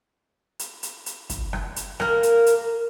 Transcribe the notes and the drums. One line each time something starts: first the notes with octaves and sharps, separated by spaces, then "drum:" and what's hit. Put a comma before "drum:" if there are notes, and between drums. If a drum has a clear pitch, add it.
drum: hi-hat
drum: hi-hat
drum: hi-hat
drum: kick, hi-hat
drum: rim click
drum: hi-hat
A#3 A#4, drum: rim click
drum: hi-hat
drum: hi-hat